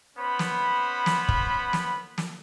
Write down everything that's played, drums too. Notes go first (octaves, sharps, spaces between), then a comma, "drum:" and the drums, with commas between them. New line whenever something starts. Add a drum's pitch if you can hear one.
B3 C#4 C5 B5
drum: snare
drum: snare
drum: kick
drum: snare
drum: snare